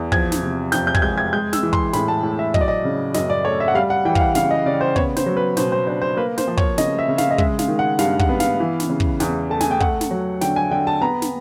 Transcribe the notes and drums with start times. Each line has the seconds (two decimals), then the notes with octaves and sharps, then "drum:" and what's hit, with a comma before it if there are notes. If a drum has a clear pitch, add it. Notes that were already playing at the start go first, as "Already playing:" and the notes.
Already playing: E2
0.12 F3 G#6, drum: kick
0.32 drum: snare
0.42 C3
0.72 F2 G6, drum: snare
0.87 G6
0.95 G#6, drum: kick
1.02 G#3 G6
1.18 G#6
1.33 G#3 G6
1.53 E6, drum: snare
1.63 E3
1.73 C6, drum: kick
1.93 A2 B5, drum: snare
2.08 A5
2.23 A2
2.39 E5
2.54 F#3 D#5, drum: kick
2.61 D5
2.68 D#5
2.84 C#3
3.14 F#2 D#5, drum: snare
3.30 D5
3.44 A3 C#5
3.60 E5
3.68 F#5
3.74 G3 F5
3.90 F#5
4.05 E3 G5
4.15 F5, drum: kick
4.21 F#5
4.35 C#3 F5, drum: snare
4.51 D#5
4.66 C#3 D5
4.81 C5
4.96 B3 C#5, drum: kick
5.16 C5, drum: snare
5.26 F#3
5.37 B4
5.57 B2 C5, drum: snare
5.72 C5
5.87 D4 C5
6.02 C5
6.17 A#3 B4
6.38 C5, drum: snare
6.47 F3
6.57 C#5, drum: kick
6.78 C#3 D#5, drum: snare
6.99 E5
7.08 C#3
7.18 F5, drum: snare
7.31 D#5
7.38 G#3 E5, drum: kick
7.59 F5, drum: snare
7.68 D#3
7.79 F#5
7.99 G2 F5, drum: snare
8.19 F#5, drum: kick
8.29 B3
8.40 F5, drum: snare
8.60 E3
8.80 drum: snare
8.90 C#3
9.00 drum: kick
9.20 E2, drum: snare
9.50 A3 A5
9.61 G#5, drum: snare
9.71 G5
9.80 A3 F#5, drum: kick
10.01 drum: snare
10.11 F#3
10.41 D3 G5, drum: snare
10.56 G#5
10.71 D3 G5
10.87 A5
11.01 B3 A#5
11.22 drum: snare